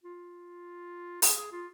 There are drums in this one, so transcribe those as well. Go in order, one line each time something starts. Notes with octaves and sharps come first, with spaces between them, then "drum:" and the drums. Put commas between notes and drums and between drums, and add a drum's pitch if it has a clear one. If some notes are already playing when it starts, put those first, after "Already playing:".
F4
G#4, drum: open hi-hat
G#4
F4